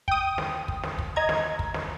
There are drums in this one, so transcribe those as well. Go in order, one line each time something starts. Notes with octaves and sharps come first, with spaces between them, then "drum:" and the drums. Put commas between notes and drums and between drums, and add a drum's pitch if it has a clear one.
G5 D#6, drum: kick
drum: snare
drum: kick
drum: snare
drum: kick
D#5 A#5 G#6
drum: snare
drum: kick
drum: snare